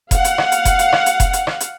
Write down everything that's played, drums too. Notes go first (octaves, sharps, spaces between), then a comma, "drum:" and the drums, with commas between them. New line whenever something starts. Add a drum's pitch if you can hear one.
F5 F#5, drum: kick F1, hi-hat
drum: hi-hat
drum: rim click
drum: hi-hat
drum: kick F1, hi-hat
drum: hi-hat
drum: rim click
drum: hi-hat
drum: kick F1, hi-hat
drum: hi-hat
drum: rim click
drum: hi-hat